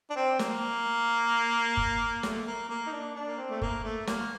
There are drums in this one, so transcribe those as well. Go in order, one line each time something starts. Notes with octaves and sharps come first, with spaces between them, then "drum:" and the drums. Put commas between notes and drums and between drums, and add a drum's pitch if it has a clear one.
D4
C4
A#3, drum: snare
drum: kick F#1
A3, drum: snare
A#3
A#3
D#4
D4
D4
A#3
C4
A3
A#3, drum: kick F#1
A3
A#3, drum: snare